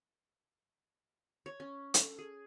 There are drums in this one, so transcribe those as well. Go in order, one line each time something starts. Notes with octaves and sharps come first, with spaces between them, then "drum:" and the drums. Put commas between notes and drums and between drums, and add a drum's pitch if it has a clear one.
C#5
C#4
A4, drum: hi-hat
G#4